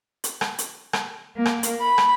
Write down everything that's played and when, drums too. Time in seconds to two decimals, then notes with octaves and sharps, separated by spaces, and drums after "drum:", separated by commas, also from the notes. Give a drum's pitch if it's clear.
0.24 drum: hi-hat
0.41 drum: rim click
0.58 drum: hi-hat
0.93 drum: rim click
1.36 A#3
1.46 drum: rim click
1.63 drum: hi-hat
1.80 B5
1.98 drum: rim click